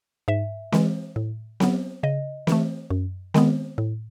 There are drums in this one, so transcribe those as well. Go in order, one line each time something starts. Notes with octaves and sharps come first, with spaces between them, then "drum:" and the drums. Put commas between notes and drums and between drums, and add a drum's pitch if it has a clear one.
G#2 E5
E3 G#3, drum: snare C4
A2
F#3 B3, drum: snare C4
C#3 D#5
E3 A3, drum: snare C4
F#2
D#3 G#3 B3, drum: snare C4
A2